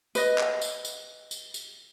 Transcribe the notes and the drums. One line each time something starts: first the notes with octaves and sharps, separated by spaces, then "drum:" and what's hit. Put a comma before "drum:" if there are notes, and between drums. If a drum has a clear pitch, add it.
B4 D#5, drum: tambourine
drum: clap
drum: tambourine
drum: tambourine
drum: tambourine
drum: tambourine